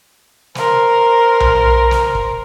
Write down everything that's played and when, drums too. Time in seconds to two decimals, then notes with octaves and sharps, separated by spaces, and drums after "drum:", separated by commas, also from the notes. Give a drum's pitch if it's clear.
0.55 A#4 C5, drum: snare
1.40 drum: tom B1
1.91 drum: snare
2.15 drum: kick